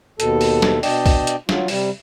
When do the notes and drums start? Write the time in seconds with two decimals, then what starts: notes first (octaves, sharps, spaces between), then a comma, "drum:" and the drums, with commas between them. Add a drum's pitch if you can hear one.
0.20 D#2 B2 A4, drum: hi-hat
0.41 drum: open hi-hat
0.62 drum: snare
0.83 B2 D4 D5 D#5 G5, drum: open hi-hat
1.06 drum: kick B1, open hi-hat
1.27 drum: hi-hat
1.49 F#3 F4, drum: snare
1.68 C3 G3, drum: open hi-hat